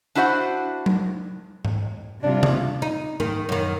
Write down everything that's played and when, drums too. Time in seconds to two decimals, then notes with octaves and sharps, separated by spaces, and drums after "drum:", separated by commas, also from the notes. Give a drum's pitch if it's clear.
0.15 D4 E4 F#4 C5 F5 F#5
0.86 drum: tom F#3
1.65 drum: tom G#2
2.23 C3 G3 D4 F4
2.43 drum: tom C3
2.82 D#4
3.20 D#3, drum: tom G#2
3.49 F#2 D#3